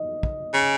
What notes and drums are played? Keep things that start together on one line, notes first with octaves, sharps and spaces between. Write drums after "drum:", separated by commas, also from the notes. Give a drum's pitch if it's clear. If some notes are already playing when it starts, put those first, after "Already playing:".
Already playing: D#5
drum: kick
C#3